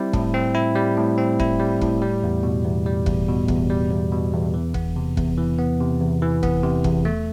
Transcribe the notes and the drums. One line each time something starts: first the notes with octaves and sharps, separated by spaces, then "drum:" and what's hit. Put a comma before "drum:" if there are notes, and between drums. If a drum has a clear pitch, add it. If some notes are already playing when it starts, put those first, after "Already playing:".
Already playing: G3 C4 E4
A2, drum: kick F1
C4
E4
G3
A2
C4
E4, drum: kick F1
G3
A2, drum: kick F1
G3
E2
B2
E2
G3
E2, drum: kick F1
B2
E2, drum: kick F1
G3
E2
B2
E2
E3
B3, drum: kick F1
C3
E2, drum: kick F1
E3
B3
C3
E2
E3
B3, drum: kick F1
C3
E2, drum: kick F1
A3